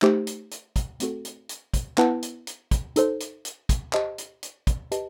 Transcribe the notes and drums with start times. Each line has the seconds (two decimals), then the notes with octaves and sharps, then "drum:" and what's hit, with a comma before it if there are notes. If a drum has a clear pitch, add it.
0.02 A3 D#4 G4 C5, drum: clap
0.27 drum: hi-hat
0.51 drum: hi-hat
0.76 drum: kick, hi-hat
1.00 A3 C4 F#4 A4, drum: hi-hat
1.25 drum: hi-hat
1.49 drum: hi-hat
1.74 drum: kick, hi-hat
1.98 B3 E4 B4 F#5 A5, drum: clap
2.22 drum: hi-hat
2.47 drum: hi-hat
2.71 drum: kick, hi-hat
2.96 D#4 A4 C5, drum: hi-hat
3.20 drum: hi-hat
3.45 drum: hi-hat
3.69 drum: kick, hi-hat
3.93 G4 C5 D#5 A5, drum: clap
4.18 drum: hi-hat
4.43 drum: hi-hat
4.67 drum: kick, hi-hat
4.92 G4 B4 D#5 A5, drum: hi-hat